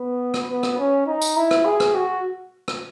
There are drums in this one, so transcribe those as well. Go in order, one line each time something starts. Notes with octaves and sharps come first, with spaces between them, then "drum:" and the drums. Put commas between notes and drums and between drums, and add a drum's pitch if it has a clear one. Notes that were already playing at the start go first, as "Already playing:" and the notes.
Already playing: B3
drum: rim click
B3
drum: rim click
C#4
D#4
drum: tambourine
E4
drum: rim click
G#4
drum: rim click
F#4
drum: rim click